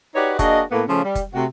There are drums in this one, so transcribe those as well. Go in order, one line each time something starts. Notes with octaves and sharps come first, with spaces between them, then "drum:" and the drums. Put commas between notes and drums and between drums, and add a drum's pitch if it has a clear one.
D#4 F#4 G4 B4 C#5 D5
A#3 D4 F#4 G#4 D#5, drum: kick F1, hi-hat
A2 A#3 B3
C#3 F3 A3 C#4
G3
drum: kick F1, hi-hat
C3 A3 F#4